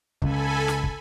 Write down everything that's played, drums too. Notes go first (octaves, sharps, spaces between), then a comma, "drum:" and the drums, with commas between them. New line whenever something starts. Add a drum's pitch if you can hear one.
C#2 A4 G#5 B5, drum: kick
drum: snare
drum: kick